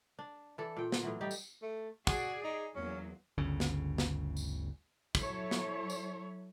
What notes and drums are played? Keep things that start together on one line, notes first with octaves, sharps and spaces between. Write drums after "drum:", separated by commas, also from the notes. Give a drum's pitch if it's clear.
D4
E3 D4 A4
A#2 G5
drum: snare
A2 E3 F#3
G3 D#4 G4
drum: tambourine
A3
F#4 G#4 D5, drum: kick, tambourine
D#4
E2 F#3 A#3 C#4
G1 D2 C#3
drum: snare
drum: snare
drum: tambourine
F#3 E4 A4 C#5, drum: kick, tambourine
drum: snare
drum: tambourine